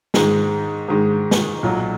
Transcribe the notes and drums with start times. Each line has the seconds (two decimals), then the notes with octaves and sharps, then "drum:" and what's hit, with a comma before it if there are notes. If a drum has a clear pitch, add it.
0.14 G#2 D#3 G#3, drum: snare
0.88 G#2 D#3 G#3
1.31 drum: snare
1.63 B1 A#2 F#3